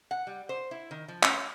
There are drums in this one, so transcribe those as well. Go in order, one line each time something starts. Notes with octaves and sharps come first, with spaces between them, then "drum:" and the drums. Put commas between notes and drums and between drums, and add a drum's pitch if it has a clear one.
F#5
G3
C5
E4
D#3
F3
C#4, drum: clap